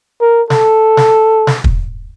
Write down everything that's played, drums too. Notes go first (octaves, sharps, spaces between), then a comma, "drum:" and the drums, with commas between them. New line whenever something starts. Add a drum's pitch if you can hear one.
A#4
A4, drum: snare
drum: snare
drum: snare
drum: kick